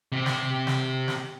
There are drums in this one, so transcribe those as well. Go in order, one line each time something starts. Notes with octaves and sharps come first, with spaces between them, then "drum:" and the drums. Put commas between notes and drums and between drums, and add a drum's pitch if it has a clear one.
C3 G4
drum: snare
drum: snare
drum: snare